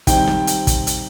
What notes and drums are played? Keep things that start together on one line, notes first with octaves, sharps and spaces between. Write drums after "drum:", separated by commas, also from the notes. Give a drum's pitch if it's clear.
D#3 G3 C4 D#4 G5, drum: kick, hi-hat
drum: snare
drum: hi-hat
drum: kick, hi-hat
drum: hi-hat